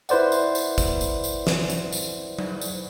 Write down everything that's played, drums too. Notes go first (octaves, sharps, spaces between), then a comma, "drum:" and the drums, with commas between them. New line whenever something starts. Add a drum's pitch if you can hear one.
E4 B4 C5 D5 F#5, drum: tambourine
drum: tambourine
drum: tambourine
drum: kick G#1, tambourine
drum: tambourine
drum: tambourine
drum: snare
drum: tambourine
drum: tambourine
drum: tom F#3
drum: tambourine